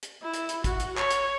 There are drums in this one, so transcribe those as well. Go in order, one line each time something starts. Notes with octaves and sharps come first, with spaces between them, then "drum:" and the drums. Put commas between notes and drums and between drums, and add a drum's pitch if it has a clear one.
drum: hi-hat
E4
drum: hi-hat
drum: hi-hat
F#4, drum: kick, hi-hat
drum: hi-hat
C#5, drum: clap
drum: hi-hat